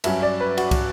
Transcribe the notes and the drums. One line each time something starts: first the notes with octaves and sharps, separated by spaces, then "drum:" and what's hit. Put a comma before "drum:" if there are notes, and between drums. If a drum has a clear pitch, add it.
G2 F#3 C#4 E5, drum: cymbal
D5
B4
F#4, drum: cymbal
drum: kick, cymbal